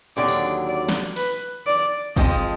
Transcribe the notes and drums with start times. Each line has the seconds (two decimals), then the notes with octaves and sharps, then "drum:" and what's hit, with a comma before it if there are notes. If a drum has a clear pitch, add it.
0.17 D#2 D3 F#3 D5
0.28 drum: tambourine
0.67 D5
0.89 drum: snare
1.16 B4, drum: open hi-hat
1.67 D5
2.16 F2 F3 G#3 D#5, drum: kick